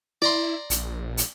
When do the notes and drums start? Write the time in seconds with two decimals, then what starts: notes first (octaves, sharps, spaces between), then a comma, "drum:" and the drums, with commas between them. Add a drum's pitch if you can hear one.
0.22 E4 D5 A#5 C6
0.70 A#1, drum: hi-hat
1.17 drum: hi-hat